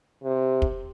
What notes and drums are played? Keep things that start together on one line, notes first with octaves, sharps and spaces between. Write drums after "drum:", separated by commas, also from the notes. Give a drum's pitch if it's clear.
C3
drum: kick